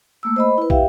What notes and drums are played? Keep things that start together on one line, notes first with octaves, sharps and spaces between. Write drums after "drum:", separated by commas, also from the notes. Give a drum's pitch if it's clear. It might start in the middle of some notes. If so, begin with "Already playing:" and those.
A3 A#3 E6
C5 D#5 B5
E4 B4
G4 E5 F5 G5, drum: kick